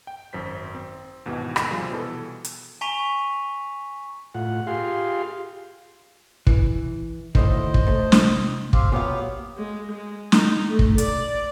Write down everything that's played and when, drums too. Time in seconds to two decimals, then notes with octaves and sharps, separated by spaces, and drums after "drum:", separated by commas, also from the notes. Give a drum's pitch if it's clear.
0.07 G5
0.33 G#1 F#2 C5 B6
0.74 C4
1.26 D#2 G#2 B2 E3
1.56 drum: rim click
1.71 C3 F3 G3 C4 F4 G#4
1.90 B2 E3 A4
2.45 drum: hi-hat
2.81 G#5 A#5 C#6 B6 D#7 F7
4.34 A2 F4 F#5
4.67 F4 G4 G#4 F5 C6
6.47 E3, drum: kick
7.35 D2 A2 D#3 C5 D#5, drum: kick
7.74 drum: kick
7.87 C3 A3
8.12 drum: snare
8.73 C4 G4 F5, drum: kick
8.92 A#2 F#3 B3 G4 F5
9.57 G#3
9.91 G#3
10.32 D#4, drum: snare
10.69 A3
10.79 drum: kick
10.98 D5, drum: hi-hat